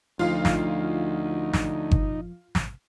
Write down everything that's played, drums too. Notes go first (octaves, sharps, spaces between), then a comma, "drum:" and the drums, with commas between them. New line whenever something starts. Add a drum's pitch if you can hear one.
D2 F3 D#4 F4 F5
drum: snare
drum: snare
drum: kick G1
drum: snare